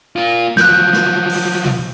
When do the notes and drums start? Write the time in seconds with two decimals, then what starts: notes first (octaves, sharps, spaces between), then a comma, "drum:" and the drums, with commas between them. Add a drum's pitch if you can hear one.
0.16 A#3 F4
0.57 F3 F#3 F#6 G6, drum: snare
0.93 drum: snare
1.29 drum: open hi-hat
1.66 drum: tom B2